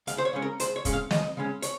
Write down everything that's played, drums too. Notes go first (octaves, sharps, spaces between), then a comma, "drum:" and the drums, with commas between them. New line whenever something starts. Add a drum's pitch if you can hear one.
C#2 F5, drum: hi-hat
C5
C#5
C#3 G#3 C#4
A#4
C#2 C5, drum: hi-hat
C#5
C#3 G#3 C#4, drum: kick, hi-hat
F5
C#2 D#5, drum: snare
C#3 G#3 C#4
C#5, drum: hi-hat